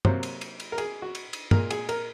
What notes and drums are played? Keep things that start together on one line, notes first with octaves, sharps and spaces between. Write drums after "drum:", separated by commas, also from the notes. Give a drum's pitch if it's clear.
C3 F#3 A#3 C5, drum: tom
drum: cymbal
drum: cymbal
drum: cymbal
A#4
G#4, drum: cymbal
F#4
drum: cymbal
drum: cymbal
A#2 G#3 A#4, drum: tom
G#4, drum: cymbal
A#4, drum: cymbal